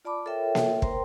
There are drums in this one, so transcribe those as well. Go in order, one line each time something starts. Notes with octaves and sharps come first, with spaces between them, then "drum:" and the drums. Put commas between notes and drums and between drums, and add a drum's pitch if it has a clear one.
F4 D5 A5 B5 D6
F4 A4 A#4 C#5 E5 G5
drum: snare A#3
A#4 C5 G5 A#5 C6, drum: kick